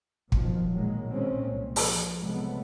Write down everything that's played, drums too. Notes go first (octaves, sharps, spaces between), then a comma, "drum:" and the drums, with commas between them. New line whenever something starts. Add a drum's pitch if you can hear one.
B2 D#3 F3, drum: kick
A#2 D#3 F#3 G#3 A#3
B2 D#3 G#3 C4 C#4
C2 A#2
F3, drum: open hi-hat
C3 F#3 G#3 A3 B3